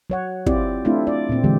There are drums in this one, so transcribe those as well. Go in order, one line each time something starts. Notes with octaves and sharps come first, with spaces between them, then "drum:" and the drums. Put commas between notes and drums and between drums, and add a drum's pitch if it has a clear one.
F#3 C#5 F#5
C4 E4 F4 G4 D5, drum: kick
A3 C4 D4 E4 F4
D5
A#2 C4
D3 E3 G#3 G4